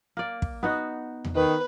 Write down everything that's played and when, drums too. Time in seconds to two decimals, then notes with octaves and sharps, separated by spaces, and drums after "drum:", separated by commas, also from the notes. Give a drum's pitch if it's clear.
0.17 A#3 D5
0.42 drum: kick
0.63 B3 D#4 F#4
1.25 drum: tom E2
1.35 D#3 B4